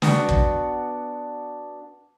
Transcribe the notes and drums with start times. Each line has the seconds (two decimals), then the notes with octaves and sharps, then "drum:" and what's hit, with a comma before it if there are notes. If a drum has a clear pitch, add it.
0.02 B3 D4 F#4, drum: snare
0.29 drum: kick